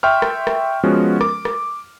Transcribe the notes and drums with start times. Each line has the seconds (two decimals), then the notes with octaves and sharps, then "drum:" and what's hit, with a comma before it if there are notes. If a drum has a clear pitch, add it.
0.03 E5 G5 C6 C#6 F6
0.22 drum: rim click
0.47 drum: rim click
0.83 F3 G#3 B3 C#4 F#4
1.21 D6, drum: rim click
1.45 drum: rim click